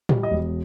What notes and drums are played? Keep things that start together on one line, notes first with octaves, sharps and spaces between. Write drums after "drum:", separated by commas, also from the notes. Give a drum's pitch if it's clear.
G3, drum: tom A2
D#5
E1